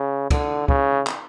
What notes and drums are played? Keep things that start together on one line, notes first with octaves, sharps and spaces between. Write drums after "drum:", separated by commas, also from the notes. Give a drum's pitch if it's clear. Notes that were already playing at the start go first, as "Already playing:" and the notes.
Already playing: C#3
D3, drum: kick, cymbal
C#3, drum: kick
drum: clap